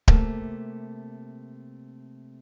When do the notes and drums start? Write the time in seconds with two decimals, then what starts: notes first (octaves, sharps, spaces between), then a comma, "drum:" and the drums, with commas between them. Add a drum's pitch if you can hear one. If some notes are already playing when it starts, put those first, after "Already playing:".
0.08 C3 A3 A#3, drum: kick D1